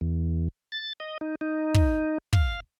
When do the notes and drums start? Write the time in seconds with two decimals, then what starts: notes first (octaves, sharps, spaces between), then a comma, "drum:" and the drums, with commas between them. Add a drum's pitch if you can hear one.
0.01 E2
0.72 A6
1.00 D#5
1.21 D#4
1.41 D#4
1.74 drum: kick
2.33 F5, drum: kick